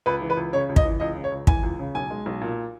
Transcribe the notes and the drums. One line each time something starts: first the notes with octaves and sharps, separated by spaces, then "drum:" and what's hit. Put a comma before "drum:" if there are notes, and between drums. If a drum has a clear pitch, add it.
C#2 B4
E3
B4
C#2
C#3 C#5
C#2
D#5, drum: kick
E3
C#2 D#5
C#3
C#5
C#2
E3 G#5, drum: kick
C#2
C#3
B1 G#5
G#3
B1
A#2